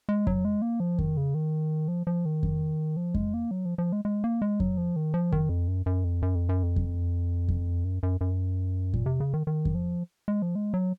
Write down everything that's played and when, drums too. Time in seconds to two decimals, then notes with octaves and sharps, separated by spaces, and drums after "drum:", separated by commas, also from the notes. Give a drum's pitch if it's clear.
0.09 G#3
0.27 F#3, drum: kick F2
0.45 G#3
0.62 A#3
0.80 F3
0.99 D#3, drum: kick F2
1.17 C#3
1.34 D#3
1.88 F3
2.07 F3
2.25 D#3
2.43 drum: kick F2
2.97 F3
3.14 G#3, drum: kick F2
3.34 A#3
3.51 F#3
3.65 F3
3.78 F3
3.92 G#3
4.05 G#3
4.24 A#3
4.42 G#3
4.60 F#3, drum: kick F2
4.77 F3
4.96 D#3
5.14 F3
5.32 D#3, drum: kick F2
5.49 F2
5.68 F#2
5.86 F#2
6.04 F2
6.22 F#2
6.35 F2
6.49 F#2
6.63 F2
6.76 drum: kick F2
7.49 drum: kick F2
7.84 F#2
8.03 F#2
8.21 F#2
8.94 A#2, drum: kick F2
9.06 C3
9.20 C#3
9.34 D#3
9.47 D#3
9.65 drum: kick F2
9.75 F3
10.28 G#3
10.42 F3
10.55 G#3
10.74 F#3